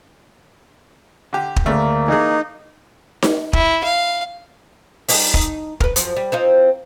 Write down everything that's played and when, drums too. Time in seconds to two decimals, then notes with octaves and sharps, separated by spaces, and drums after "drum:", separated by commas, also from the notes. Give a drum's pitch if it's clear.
1.33 D3 G4
1.56 drum: kick
1.66 D2 C#3 A3 A#3
2.08 E3 D#4 G#4
3.22 drum: snare D#4
3.53 E4, drum: kick
3.84 F5
5.08 G3 D4 D#4, drum: open hi-hat
5.34 D#4, drum: kick
5.80 A#4 B4, drum: kick
5.96 F#2 F3, drum: hi-hat
6.16 G3
6.32 C4 D#4 F4